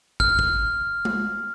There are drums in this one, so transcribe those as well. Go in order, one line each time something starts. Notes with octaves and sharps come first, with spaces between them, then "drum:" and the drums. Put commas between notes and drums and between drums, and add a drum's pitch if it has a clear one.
F6, drum: kick
drum: kick
drum: tom G#3